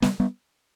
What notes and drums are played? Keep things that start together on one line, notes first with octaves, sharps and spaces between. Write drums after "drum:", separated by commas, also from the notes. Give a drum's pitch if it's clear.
G3 B3, drum: snare
G3 B3